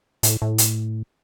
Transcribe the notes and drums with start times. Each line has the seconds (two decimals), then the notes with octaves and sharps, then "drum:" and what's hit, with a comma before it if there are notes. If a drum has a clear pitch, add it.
0.23 A2, drum: hi-hat
0.42 A2
0.58 drum: hi-hat